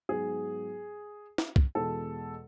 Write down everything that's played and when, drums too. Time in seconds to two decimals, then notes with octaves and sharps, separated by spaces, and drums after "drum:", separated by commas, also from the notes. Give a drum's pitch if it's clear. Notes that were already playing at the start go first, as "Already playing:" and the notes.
0.09 G#2 F#3 B3 G#4
1.38 drum: snare
1.56 drum: kick
1.75 E2 B2 G#3 A4